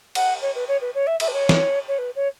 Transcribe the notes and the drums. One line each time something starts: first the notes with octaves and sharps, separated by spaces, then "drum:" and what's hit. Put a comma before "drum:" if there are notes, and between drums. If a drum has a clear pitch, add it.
F#5, drum: cymbal
C#5
B4
C#5
B4
C#5
E5
E5, drum: cymbal
B4
C#5
drum: snare
C#5
B4
C#5